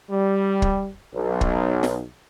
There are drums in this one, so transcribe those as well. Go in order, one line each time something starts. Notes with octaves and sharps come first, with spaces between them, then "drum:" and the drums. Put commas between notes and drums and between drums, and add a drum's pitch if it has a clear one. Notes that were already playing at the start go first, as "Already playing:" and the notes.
G3
drum: kick
B1
drum: kick
drum: snare